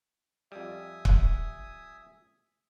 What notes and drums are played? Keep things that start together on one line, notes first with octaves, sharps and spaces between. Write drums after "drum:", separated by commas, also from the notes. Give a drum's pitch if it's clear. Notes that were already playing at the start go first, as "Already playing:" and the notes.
F2 G3 E5 G#5 D#6
drum: kick